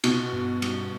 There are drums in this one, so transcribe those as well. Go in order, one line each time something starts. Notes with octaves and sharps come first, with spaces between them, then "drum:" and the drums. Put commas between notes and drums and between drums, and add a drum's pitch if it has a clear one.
B2 E4, drum: cymbal
G2
G3, drum: cymbal